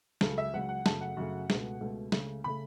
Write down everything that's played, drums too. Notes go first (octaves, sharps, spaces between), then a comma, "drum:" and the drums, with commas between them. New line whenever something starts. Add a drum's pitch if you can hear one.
C#2 C#3 F#3 A4, drum: snare
E5
C#2 C#3 F#3 F#5
F#5
F#2 C#3 A3 A5, drum: snare
F#5
F#2 C#3 A3
C#2 B2 A3, drum: snare
C#2 B2 A3
C#2 C#3 A3, drum: snare
C#3 A3 B5